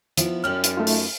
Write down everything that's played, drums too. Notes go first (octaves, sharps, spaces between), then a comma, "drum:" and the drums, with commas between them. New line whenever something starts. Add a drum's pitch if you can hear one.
F3 B3 E4, drum: hi-hat
F#2 G4 C#5 D5 F6 F#7
drum: hi-hat
A3 D#4 F4
drum: open hi-hat